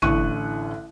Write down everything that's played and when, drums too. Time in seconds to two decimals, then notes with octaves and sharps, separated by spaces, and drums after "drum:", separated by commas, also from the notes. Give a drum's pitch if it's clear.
0.02 A1 A2 D3 C#6 F#6 D#7, drum: tom